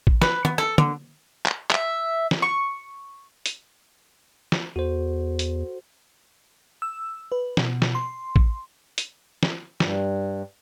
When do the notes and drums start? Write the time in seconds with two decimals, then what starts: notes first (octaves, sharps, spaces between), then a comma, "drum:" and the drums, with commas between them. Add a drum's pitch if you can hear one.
0.07 drum: kick
0.22 B4, drum: snare
0.45 B3, drum: tom
0.58 A4, drum: rim click
0.78 D3, drum: tom
1.46 drum: clap
1.71 E5, drum: clap
2.31 drum: snare
2.42 C#6
3.46 drum: hi-hat
4.52 drum: snare
4.76 E2 F#4 A4 C5
5.39 drum: hi-hat
6.82 E6
7.32 B4
7.57 B2, drum: snare
7.82 drum: snare
7.95 C6
8.36 drum: kick
8.98 drum: hi-hat
9.43 drum: snare
9.80 G2, drum: snare